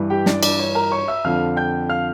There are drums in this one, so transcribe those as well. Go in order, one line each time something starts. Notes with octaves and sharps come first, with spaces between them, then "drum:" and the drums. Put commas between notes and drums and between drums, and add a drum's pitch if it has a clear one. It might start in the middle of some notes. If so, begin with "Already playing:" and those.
Already playing: G2 E3
G4 G5
D4 D5, drum: snare
D4 D5, drum: cymbal
C#5
A#4 A#5
C#5 C#6
E5 E6
F2 D3 F3 F5 F6
G5 G6
F5 F6